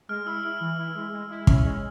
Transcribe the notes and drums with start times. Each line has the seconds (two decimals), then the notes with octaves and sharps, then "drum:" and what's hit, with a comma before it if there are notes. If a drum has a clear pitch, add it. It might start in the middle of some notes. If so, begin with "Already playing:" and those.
0.09 G#3 F6
0.26 E4 E6
0.43 E4 F6
0.61 E3
0.78 E4
0.95 G#3
1.12 G#3
1.30 E4
1.47 C#4, drum: kick
1.64 G#3